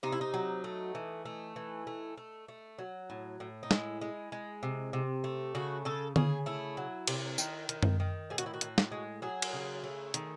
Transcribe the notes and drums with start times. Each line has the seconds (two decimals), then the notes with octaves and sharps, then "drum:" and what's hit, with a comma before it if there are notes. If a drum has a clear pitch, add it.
0.03 C3 D#4
0.12 E4
0.21 D#4
0.34 F#3
0.64 A3
0.95 E3
1.25 A3
1.56 E3
1.87 A3
2.18 A3
2.48 A3
2.79 F#3
3.10 A2
3.40 A2
3.63 D#4
3.71 G#3 E4, drum: snare
4.01 G#3
4.32 G#3
4.63 C3
4.93 C3
5.24 A3
5.55 C#3 F#4
5.85 C#3 A4
6.16 C#3 G#4, drum: tom D3
6.46 A3 E4
6.77 F#3
7.07 C3, drum: cymbal
7.38 D#3, drum: tambourine
7.69 D#3, drum: hi-hat
7.83 drum: tom F#2
8.00 D#3
8.30 A2 G#4
8.38 F#4, drum: hi-hat
8.46 E4
8.54 F#4
8.61 A2, drum: hi-hat
8.78 drum: snare
8.92 G#3
9.22 F#3 G#4
9.42 drum: cymbal
9.53 C#3
9.84 A3
10.14 D#3, drum: hi-hat